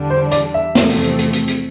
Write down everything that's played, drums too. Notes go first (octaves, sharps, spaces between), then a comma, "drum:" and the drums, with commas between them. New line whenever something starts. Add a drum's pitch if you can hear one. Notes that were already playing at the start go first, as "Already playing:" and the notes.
Already playing: E2 D3 G3 D4
C5
D5, drum: hi-hat
E5
E2 C3 F3 A3 C4, drum: snare
drum: open hi-hat
drum: hi-hat
drum: hi-hat
drum: hi-hat
drum: hi-hat